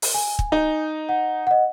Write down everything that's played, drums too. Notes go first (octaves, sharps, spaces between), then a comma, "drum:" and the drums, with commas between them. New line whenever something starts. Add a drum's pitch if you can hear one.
drum: open hi-hat
G#5
drum: kick
D#4
F#5
D#5 F#5